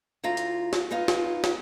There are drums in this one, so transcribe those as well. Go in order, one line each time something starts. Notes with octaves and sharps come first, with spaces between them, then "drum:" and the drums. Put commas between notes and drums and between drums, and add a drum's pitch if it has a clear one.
D2 E4 F4 A#5
drum: hi-hat
drum: snare
G#3 B3 D#4 F4
drum: snare
drum: snare